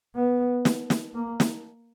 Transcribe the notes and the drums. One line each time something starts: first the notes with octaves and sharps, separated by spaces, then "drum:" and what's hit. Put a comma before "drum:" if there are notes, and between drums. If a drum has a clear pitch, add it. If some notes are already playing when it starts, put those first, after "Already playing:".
B3
drum: snare
drum: snare
A#3
drum: snare